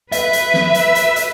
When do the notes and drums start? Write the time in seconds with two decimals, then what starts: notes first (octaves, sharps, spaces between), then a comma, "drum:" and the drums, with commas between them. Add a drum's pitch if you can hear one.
0.12 B4 E5, drum: hi-hat
0.33 drum: hi-hat
0.54 drum: snare
0.74 drum: hi-hat
0.95 drum: hi-hat
1.16 drum: hi-hat